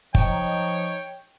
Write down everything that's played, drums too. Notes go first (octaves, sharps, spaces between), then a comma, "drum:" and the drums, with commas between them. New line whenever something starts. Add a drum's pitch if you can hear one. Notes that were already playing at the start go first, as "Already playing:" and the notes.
F3 D#4 C#5 G5, drum: kick